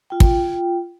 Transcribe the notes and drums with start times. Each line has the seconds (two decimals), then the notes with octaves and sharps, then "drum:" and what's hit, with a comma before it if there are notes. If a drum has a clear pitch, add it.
0.10 F4 G5
0.20 drum: kick